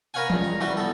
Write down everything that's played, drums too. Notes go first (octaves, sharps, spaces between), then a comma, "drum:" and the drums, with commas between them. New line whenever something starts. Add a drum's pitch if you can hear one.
A#4 B4 C#5 F5 F#5 G#5
C#2 G2, drum: tom E3
A#5
E3 G3 F#4 B4
B3 A4